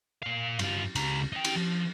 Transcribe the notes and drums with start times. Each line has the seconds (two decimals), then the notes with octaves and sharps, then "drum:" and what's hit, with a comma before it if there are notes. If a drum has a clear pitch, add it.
0.23 A#2 F5
0.59 G2 F4, drum: cymbal
0.95 C#2 A#5, drum: cymbal
1.33 D#4 G5
1.45 drum: cymbal
1.55 F3